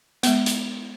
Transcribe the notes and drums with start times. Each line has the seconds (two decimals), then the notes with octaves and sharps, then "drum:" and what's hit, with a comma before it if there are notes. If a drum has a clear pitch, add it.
0.23 G#3 B3, drum: hi-hat
0.46 drum: hi-hat